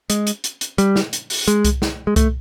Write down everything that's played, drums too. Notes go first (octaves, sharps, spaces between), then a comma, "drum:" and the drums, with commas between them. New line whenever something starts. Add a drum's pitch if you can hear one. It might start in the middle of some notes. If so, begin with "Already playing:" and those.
G#3, drum: hi-hat
drum: hi-hat
drum: hi-hat
drum: hi-hat
G3, drum: hi-hat
drum: snare
drum: hi-hat
drum: open hi-hat
G#3, drum: hi-hat
drum: kick C2, hi-hat
drum: snare
G#3
A3, drum: kick C2, hi-hat